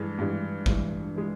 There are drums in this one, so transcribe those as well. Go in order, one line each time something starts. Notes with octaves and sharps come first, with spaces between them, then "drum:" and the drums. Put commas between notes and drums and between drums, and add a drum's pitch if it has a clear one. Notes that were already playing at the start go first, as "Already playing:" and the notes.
Already playing: G2 E3 G#3
G2 E3 G#3
G2 E3 G#3, drum: kick G#1
E3 G#3